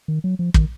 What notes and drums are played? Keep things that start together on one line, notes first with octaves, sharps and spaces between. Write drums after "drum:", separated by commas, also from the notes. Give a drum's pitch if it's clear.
D#3
F#3
F3
D#3, drum: kick